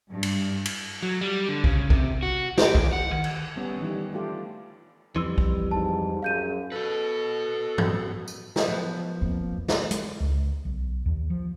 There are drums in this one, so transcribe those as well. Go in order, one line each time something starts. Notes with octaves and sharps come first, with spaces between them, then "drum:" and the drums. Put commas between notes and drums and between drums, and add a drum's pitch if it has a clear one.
G2
drum: cymbal
drum: cymbal
F#3
G3
D3
C#3, drum: kick
C3, drum: kick
F#4
G4, drum: snare
D#2, drum: kick
F#5
D#3
drum: cymbal
G3 B3 C#4
D#3 E3 G3
A3 D4 F4 G4
F2 E3 G3 C6 E6
drum: kick
G#2 A5
F#2 G#4 F5 G6 D#7
F#4 A4 B4
drum: tom G2
drum: tambourine
drum: snare
F3 B3
F2 A#3
drum: snare
G#3, drum: hi-hat
C#2
B1
D#2
F3